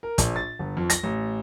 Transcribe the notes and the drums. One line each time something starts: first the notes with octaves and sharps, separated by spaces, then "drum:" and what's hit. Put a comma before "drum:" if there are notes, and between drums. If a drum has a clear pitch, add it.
A#4
A#1, drum: kick, hi-hat
A6
G1
F2
A#6, drum: hi-hat
A1